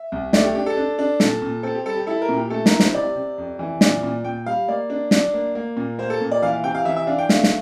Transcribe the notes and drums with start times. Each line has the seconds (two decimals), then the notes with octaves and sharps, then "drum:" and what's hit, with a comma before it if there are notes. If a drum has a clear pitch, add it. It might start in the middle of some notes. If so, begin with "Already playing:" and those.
Already playing: E5
0.12 C2
0.33 A3 D5, drum: snare
0.44 G4
0.55 D4 G4
0.66 A4
0.77 D4
0.99 D4
1.20 A#2 A4, drum: snare
1.42 A#2
1.63 C4 A4
1.75 G4
1.86 G3 A4
1.96 G4
2.07 E4 A4
2.22 A#4
2.29 A#2
2.36 G4
2.50 A3 A4
2.66 A#4, drum: snare
2.72 E4
2.80 C5, drum: snare
2.94 C3 D5
3.16 C3
3.38 F2
3.59 E3
3.81 A#2 D5, drum: snare
4.03 A#2
4.25 A#2 G5
4.46 G3 F5
4.68 A#3 D5
4.90 D4
5.11 D4, drum: snare
5.34 A#3
5.55 A#3
5.77 A#2
5.99 A#3 C5
6.10 A4
6.21 A#2
6.31 D5
6.42 E3 F5
6.53 F5
6.64 C3 G5
6.75 F5
6.85 E3 E5
6.96 E5
7.07 D4 F5
7.18 G5
7.29 A3 F5, drum: snare
7.44 drum: snare